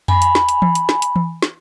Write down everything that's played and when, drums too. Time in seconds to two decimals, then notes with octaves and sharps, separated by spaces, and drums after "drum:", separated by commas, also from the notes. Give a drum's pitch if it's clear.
0.08 G#5 B5, drum: tom F2
0.22 drum: hi-hat
0.35 drum: snare
0.49 drum: hi-hat
0.62 drum: tom E3
0.75 drum: hi-hat
0.89 drum: snare
1.02 drum: hi-hat
1.16 drum: tom E3
1.42 drum: snare